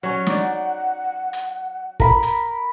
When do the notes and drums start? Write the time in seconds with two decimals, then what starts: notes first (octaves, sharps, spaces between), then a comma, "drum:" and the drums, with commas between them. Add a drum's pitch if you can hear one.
0.03 F#3 C#4 F#5
0.27 D#4 D5, drum: snare
1.33 drum: hi-hat
2.00 A#4 B5, drum: kick
2.23 drum: hi-hat